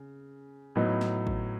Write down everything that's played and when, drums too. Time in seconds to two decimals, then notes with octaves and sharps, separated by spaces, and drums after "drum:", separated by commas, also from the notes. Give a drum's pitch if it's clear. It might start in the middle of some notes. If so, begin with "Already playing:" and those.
Already playing: C#3
0.75 A2 F#3 B3 D#4
1.01 drum: snare
1.27 drum: kick